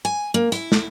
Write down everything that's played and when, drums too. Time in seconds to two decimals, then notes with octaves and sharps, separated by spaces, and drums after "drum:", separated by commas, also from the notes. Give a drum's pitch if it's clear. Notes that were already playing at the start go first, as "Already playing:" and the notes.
0.05 G#5
0.34 A#3
0.52 E4, drum: hi-hat
0.72 drum: snare